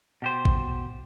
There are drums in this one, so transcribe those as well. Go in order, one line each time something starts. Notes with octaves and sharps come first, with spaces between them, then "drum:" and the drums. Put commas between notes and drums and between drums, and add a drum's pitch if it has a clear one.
B2 G4 C5
drum: kick